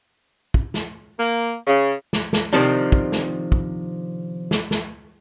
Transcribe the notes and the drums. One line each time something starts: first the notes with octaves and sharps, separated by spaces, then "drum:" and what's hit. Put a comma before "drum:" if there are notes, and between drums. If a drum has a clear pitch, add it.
drum: kick
drum: snare
A#3
C#3
drum: snare
drum: snare
C3 D#3 F3 C4 D4
drum: kick
drum: snare
drum: kick
drum: snare
drum: snare